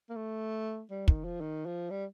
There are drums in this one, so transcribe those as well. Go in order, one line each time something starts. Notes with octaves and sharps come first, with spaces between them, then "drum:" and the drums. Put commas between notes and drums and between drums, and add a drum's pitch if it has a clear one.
A#3
A3
G3
D#3, drum: kick
F3
D#3
F3
G3